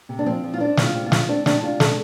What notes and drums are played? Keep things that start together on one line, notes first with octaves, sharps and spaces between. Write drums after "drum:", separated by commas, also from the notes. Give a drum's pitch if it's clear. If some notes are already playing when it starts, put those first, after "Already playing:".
C3
D4
F3 C4
F3
F4
C4 D4
C4, drum: snare
F4
C3
F4
F3, drum: snare
C4 D4
C3 D4, drum: snare
C3 F4
C4 A4, drum: snare